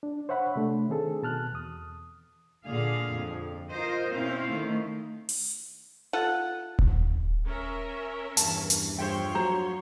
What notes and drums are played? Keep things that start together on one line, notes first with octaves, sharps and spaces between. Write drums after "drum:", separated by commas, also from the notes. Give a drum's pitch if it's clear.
D4
C5 C#5 E5 F#5 B5
C3 A3 D4
D#3 C4 G#4 A4
B2 A5 F6 F#6
E2 D#6
A#2 D3 G#4 F5
F2
F4 A#4 C5 D#5
B2 C4 C#4 E4 C5 F5
D#3 A3
drum: open hi-hat
F4 A4 F#5
drum: kick D#1
C#4 A#4 E5
E2 G2 E3 A5, drum: hi-hat
drum: hi-hat
G2 F3 C5 C#5 E5 G5 C6
F#3 C5 A#5